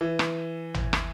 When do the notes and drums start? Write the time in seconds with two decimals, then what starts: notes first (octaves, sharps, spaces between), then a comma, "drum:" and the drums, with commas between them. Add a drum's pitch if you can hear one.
0.01 E3
0.19 drum: rim click
0.74 drum: tom
0.93 drum: rim click